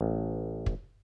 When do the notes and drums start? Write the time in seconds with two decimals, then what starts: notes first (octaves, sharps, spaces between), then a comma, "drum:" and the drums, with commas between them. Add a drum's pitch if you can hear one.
0.01 A1
0.66 drum: kick